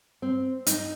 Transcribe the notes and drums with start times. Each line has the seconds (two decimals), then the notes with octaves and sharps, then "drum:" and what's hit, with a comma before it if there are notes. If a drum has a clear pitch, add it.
0.22 C4
0.66 D#4, drum: hi-hat